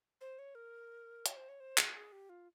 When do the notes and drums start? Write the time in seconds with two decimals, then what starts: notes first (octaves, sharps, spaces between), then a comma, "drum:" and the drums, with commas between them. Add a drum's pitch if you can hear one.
0.21 C5
0.39 C#5
0.55 A#4
1.26 C#5, drum: hi-hat
1.36 C5
1.49 C#5
1.60 C5
1.78 G#4, drum: clap
1.95 G#4
2.12 G4
2.29 F4